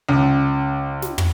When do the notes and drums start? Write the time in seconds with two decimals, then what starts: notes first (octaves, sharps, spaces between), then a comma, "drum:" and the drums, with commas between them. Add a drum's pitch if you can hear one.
0.09 C#2
1.02 drum: snare
1.18 drum: tom